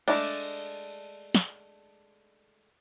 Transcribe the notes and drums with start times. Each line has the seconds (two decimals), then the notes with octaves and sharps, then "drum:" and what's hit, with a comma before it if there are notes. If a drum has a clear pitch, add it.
0.08 G#3 A3 D4, drum: cymbal
1.35 drum: snare